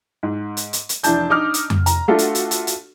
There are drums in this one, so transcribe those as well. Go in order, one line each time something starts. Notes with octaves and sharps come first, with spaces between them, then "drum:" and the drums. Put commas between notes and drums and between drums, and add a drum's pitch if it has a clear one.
G#2
drum: hi-hat
drum: hi-hat
drum: hi-hat
F1 E3 D4 A5 G6, drum: hi-hat
D4 D#4 D6 F6
drum: hi-hat
drum: tom F2
A#5, drum: hi-hat
A3 D4 F4 F#4 A4
drum: hi-hat
drum: hi-hat
drum: hi-hat
drum: hi-hat